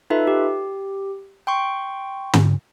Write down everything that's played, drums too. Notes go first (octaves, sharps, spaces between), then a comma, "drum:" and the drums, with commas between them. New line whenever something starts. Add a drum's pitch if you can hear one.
D#4 F4 A4 B4 E5
G4
G5 C6 C#6
drum: tom